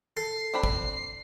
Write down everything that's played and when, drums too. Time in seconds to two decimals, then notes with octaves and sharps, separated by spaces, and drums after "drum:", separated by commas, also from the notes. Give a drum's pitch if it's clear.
0.17 A4 C7
0.54 C4 D4 B5
0.63 drum: kick